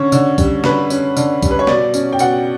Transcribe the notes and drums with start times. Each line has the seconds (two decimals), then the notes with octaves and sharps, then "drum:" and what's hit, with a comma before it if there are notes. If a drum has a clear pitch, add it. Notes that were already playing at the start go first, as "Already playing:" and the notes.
Already playing: D3 C#4 C#5
0.12 D3, drum: tambourine
0.38 G3, drum: kick B1, tambourine
0.64 D3 B4, drum: snare
0.90 C#4, drum: tambourine
1.17 D3, drum: tambourine
1.43 G3, drum: kick B1, tambourine
1.51 B4
1.59 C#5
1.67 B2 D5, drum: snare
1.94 C#4, drum: tambourine
2.13 G5
2.19 B2 F#5, drum: tambourine